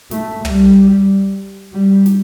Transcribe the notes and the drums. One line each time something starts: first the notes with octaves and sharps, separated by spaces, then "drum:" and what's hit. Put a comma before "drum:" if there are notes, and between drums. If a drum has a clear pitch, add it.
A3, drum: snare
G3, drum: tom
G3
drum: snare